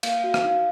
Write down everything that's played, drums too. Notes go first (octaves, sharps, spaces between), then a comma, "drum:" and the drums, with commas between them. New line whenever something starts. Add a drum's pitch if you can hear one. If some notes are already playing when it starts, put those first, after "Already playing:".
A#3 F5, drum: cymbal
F#4 F5
drum: rim click
D#4 F5